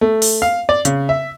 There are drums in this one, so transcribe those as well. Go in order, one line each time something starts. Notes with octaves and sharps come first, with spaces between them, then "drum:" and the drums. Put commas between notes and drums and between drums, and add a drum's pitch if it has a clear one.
A3
drum: open hi-hat
F5
D5
C#3, drum: hi-hat
E5